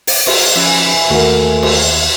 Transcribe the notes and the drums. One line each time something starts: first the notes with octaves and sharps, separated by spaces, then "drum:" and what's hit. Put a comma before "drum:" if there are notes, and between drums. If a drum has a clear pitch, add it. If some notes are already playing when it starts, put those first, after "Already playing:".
drum: open hi-hat
drum: cymbal
F3 C#4 E5 G#5
D#2 A3 A#3 F#4
drum: cymbal